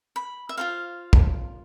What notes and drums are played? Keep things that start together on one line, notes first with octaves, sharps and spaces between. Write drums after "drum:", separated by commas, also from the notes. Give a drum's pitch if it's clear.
B5
E5
F4 A4 C5 F5
drum: kick